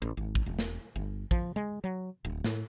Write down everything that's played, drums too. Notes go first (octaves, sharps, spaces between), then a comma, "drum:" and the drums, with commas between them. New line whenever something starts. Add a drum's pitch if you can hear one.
A1
G#1
drum: kick
E1
drum: snare
G1
F3, drum: kick
G#3
F#3
D1
A2, drum: snare